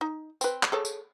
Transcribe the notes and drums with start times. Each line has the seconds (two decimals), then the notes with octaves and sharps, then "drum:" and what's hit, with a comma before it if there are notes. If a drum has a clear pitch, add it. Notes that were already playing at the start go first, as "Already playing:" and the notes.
0.01 D#4
0.41 C4 B4, drum: tambourine
0.63 drum: clap
0.72 G#4 A4 C#5
0.85 drum: tambourine